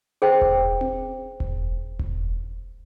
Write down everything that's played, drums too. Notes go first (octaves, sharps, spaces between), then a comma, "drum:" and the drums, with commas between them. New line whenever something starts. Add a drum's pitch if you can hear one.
G#4 C5 G5
drum: kick E1
drum: tom C4
drum: kick E1
drum: kick E1